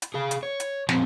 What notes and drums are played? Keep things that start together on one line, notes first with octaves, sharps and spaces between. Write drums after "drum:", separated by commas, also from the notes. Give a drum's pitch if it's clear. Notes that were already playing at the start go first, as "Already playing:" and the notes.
drum: hi-hat
G#4 F5
drum: hi-hat
C#5
drum: hi-hat
A#2 F3 B3 C4, drum: snare